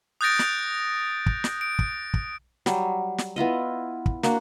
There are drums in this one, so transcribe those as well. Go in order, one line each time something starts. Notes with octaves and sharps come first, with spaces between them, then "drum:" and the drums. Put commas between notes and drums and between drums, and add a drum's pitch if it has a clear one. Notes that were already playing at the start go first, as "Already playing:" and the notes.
D#6 F#6 G6 A6 A#6 D7
drum: snare
drum: kick
drum: snare
D7
drum: kick
drum: kick
F#3 G3, drum: snare
drum: snare
B3 E4 F4 D#5
drum: kick
A#3 D4 F#4, drum: snare